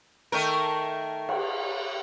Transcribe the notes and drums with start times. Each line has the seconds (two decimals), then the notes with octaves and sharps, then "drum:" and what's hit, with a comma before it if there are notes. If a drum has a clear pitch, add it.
0.32 D#3 A3 A#4
1.29 drum: cymbal